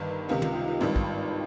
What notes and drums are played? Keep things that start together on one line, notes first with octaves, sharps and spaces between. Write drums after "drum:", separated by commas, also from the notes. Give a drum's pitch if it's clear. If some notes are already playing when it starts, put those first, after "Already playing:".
Already playing: G1 G2 D#3
C#2 C3 D#3 D#4
F4, drum: tom
F4
F4
G#1 G2 D#3
drum: kick